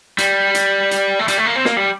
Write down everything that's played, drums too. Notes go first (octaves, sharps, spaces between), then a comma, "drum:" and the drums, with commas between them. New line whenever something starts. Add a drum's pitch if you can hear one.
G3, drum: hi-hat
drum: hi-hat
drum: hi-hat
A3
G3, drum: hi-hat
A3
A#3
C4
A#3, drum: snare
G3